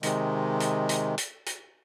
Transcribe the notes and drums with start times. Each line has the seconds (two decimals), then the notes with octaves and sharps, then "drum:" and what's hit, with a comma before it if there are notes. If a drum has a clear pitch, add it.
0.03 C3 D#3 G#3, drum: hi-hat
0.60 drum: hi-hat
0.89 drum: hi-hat
1.18 drum: hi-hat
1.46 drum: hi-hat